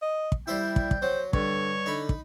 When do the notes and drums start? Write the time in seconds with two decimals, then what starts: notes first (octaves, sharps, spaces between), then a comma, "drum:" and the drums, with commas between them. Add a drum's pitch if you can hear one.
0.02 D#5
0.32 drum: kick
0.48 G3 E4 C5 E5 G5
0.76 drum: kick
0.91 drum: kick
1.02 F#3 C5
1.33 G2 D3 C#5, drum: kick
1.86 D3 D#4 B5
2.09 drum: kick